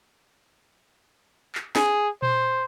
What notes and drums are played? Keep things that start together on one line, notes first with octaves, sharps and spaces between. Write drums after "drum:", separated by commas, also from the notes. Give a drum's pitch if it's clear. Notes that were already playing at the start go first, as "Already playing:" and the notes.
drum: clap
G#4, drum: snare
C5, drum: tom A#2